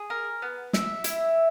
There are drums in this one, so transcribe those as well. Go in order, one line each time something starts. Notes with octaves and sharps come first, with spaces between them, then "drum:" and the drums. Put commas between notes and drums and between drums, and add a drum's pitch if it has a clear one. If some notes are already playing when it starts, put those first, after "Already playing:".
Already playing: G#4
A#4
B3
E5, drum: snare
E4, drum: hi-hat